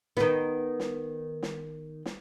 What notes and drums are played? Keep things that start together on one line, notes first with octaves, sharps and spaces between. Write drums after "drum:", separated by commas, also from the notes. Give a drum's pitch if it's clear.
D#3 B3, drum: snare
drum: snare
drum: snare
drum: snare